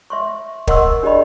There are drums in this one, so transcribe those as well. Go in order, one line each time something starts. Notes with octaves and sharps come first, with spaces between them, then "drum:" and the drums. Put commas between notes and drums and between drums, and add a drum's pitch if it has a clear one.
E5 C6 C#6
A#4 D#5 F#5 C6 C#6 E6, drum: kick
D4 G4 G#4 D5 D#5 B5